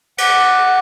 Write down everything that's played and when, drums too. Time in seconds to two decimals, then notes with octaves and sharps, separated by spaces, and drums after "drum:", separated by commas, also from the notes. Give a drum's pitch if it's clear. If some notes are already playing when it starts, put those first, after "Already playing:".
0.18 F#5 D6 F#6, drum: cymbal